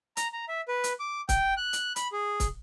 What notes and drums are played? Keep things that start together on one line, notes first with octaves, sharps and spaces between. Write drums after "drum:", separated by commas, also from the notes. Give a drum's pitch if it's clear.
A#5, drum: hi-hat
A#5
E5
B4
drum: hi-hat
D6
G5, drum: kick, hi-hat
F#6
drum: hi-hat
B5, drum: hi-hat
G#4
drum: kick, hi-hat